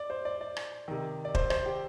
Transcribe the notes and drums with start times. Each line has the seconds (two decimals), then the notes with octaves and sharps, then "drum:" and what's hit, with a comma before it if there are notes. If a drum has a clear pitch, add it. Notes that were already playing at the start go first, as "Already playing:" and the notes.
Already playing: D5
0.10 C5
0.25 D5
0.41 D5
0.56 drum: rim click
0.88 C3 D#3
1.25 D5
1.35 C5, drum: kick
1.50 C5, drum: rim click
1.66 G4